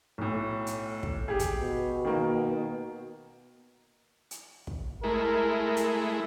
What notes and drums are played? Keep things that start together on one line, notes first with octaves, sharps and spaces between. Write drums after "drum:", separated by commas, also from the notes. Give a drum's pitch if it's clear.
B1 A2
drum: hi-hat
drum: kick
G4 G#4
drum: kick, hi-hat
B2
D#3 A#3
drum: hi-hat
drum: kick
G#3 A3 E4 A#4
drum: hi-hat